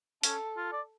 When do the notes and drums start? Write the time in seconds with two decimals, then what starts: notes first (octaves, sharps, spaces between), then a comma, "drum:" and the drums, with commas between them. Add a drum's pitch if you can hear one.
0.23 C#4 A4, drum: hi-hat
0.57 F4
0.72 D5